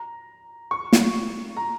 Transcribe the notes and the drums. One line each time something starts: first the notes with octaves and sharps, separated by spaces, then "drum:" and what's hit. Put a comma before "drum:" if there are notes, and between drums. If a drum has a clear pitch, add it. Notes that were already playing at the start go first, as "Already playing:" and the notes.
Already playing: A#5
C#6
drum: snare
A#5